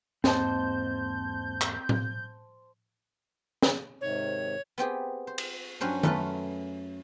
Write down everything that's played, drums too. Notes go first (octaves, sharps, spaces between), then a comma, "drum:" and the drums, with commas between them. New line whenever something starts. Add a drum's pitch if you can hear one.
E2 G#2 A#3 C4 C5 D#5 A5 G6, drum: snare
drum: clap
drum: tom A2
drum: snare
G#2 C3 D#3 C#5
B3 C4 G4 G#4
C5
drum: cymbal
G2 F#3 C#4 C5
F#2 A3 C#4 F4 B4, drum: tom D#3